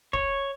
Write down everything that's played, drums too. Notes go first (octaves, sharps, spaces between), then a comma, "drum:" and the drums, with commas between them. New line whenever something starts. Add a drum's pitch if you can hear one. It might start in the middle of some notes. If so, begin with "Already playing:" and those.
C#5, drum: kick